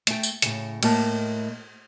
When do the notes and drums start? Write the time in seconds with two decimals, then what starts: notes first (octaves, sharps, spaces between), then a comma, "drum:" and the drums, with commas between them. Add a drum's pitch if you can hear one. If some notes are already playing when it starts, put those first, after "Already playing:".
0.07 A3 G5, drum: hi-hat
0.23 drum: tambourine
0.42 A2 C#3, drum: hi-hat
0.83 A2 A3 A#3 D#5 A5, drum: cymbal